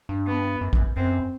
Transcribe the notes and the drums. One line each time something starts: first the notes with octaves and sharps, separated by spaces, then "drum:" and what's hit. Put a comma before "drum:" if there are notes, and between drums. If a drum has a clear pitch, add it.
G2
B3
F#2
F#2, drum: kick A#1
F#2 C4